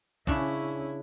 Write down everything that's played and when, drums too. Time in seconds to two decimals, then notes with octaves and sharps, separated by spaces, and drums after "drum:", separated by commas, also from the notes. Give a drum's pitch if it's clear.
0.27 C#3 C#4 D4 E4 C#5, drum: kick